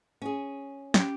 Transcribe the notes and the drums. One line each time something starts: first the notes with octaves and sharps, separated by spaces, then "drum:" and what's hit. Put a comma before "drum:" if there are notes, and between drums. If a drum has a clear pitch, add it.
C#4 G#4
C#4 G4, drum: snare